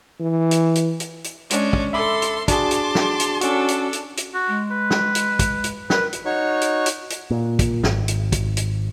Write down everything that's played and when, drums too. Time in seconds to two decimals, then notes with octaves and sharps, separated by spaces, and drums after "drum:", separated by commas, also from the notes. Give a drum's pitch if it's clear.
0.20 E3
0.51 drum: hi-hat
0.75 drum: hi-hat
1.00 drum: hi-hat
1.24 drum: hi-hat
1.50 G#3 C#4 D4, drum: hi-hat
1.73 drum: kick
1.93 A4 E5 B5 C6 D6
2.22 drum: hi-hat
2.48 D4 F#4 G#4 A5 C6 D6, drum: kick, hi-hat
2.71 drum: hi-hat
2.95 drum: snare
3.20 drum: hi-hat
3.41 C#4 D4 F#4 A4, drum: hi-hat
3.68 drum: hi-hat
3.93 drum: hi-hat
4.17 drum: hi-hat
4.34 F#4
4.48 G#3
4.71 B4
4.91 drum: snare
5.15 drum: hi-hat
5.39 drum: kick, hi-hat
5.64 drum: hi-hat
5.90 A#4 B4, drum: snare
6.13 drum: hi-hat
6.25 D#4 F#4 C#5 C#6
6.61 drum: hi-hat
6.86 drum: hi-hat
7.10 drum: hi-hat
7.30 A#2
7.59 drum: kick, hi-hat
7.84 G#1, drum: snare
8.08 drum: hi-hat
8.32 drum: kick, hi-hat
8.57 drum: hi-hat